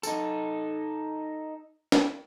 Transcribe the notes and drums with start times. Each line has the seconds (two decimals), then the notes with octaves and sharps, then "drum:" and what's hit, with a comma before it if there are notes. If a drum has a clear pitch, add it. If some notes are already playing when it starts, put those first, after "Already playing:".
0.03 D#4 A4, drum: tambourine
1.92 drum: snare